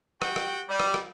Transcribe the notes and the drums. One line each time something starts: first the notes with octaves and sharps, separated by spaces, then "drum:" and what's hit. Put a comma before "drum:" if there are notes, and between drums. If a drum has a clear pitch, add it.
F#4 G4 F#5 G5, drum: rim click
drum: rim click
G3
drum: rim click
drum: rim click